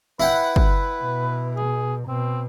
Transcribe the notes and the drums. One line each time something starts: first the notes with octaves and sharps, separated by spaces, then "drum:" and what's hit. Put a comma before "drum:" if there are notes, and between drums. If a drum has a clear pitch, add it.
E4 B4 F#5 G5
drum: kick
B2
G#4
B2 C4